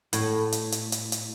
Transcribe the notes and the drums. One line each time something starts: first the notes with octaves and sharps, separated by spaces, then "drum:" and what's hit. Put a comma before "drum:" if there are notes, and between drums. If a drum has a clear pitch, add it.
A2, drum: hi-hat
drum: hi-hat
drum: hi-hat
drum: hi-hat
drum: hi-hat